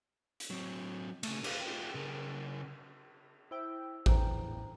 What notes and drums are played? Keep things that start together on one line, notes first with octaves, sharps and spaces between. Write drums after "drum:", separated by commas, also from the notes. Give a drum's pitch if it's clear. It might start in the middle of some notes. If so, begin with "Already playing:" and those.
drum: hi-hat
F#3 C4
C#3 A3, drum: cymbal
G4 F5, drum: cymbal
F4 G4
C#3 A#4
E4 C5 G5 E6
E2 A2 C5 G5 A#5, drum: kick A1